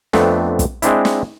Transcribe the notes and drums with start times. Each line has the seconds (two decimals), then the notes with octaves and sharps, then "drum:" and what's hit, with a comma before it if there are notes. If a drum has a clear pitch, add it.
0.13 F2 A3 B3 C4 D4, drum: snare
0.59 drum: kick, hi-hat
0.82 G#3 C4 D4 E4, drum: hi-hat
1.05 drum: snare